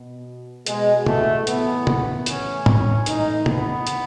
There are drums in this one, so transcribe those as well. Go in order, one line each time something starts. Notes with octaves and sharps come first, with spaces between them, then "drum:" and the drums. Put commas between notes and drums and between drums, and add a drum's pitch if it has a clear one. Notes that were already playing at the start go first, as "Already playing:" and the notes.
Already playing: B2
B2 G#3, drum: hi-hat
A3, drum: tom
A2 E3 B3, drum: hi-hat
drum: tom
A2 E3 C#4, drum: hi-hat
C#4, drum: tom
A2 E3 D#4, drum: hi-hat
B3, drum: tom
drum: hi-hat